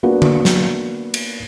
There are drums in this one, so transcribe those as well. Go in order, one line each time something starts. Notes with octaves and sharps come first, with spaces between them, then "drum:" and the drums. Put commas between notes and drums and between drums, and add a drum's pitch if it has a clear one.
A#3 B3 D4 F#4 A#4 B4
drum: tom D3
drum: snare
drum: cymbal